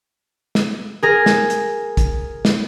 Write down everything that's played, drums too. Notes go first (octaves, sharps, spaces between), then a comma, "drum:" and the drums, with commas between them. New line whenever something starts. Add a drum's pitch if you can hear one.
drum: snare
G#4 A#4
drum: snare
drum: hi-hat
drum: kick, hi-hat
drum: snare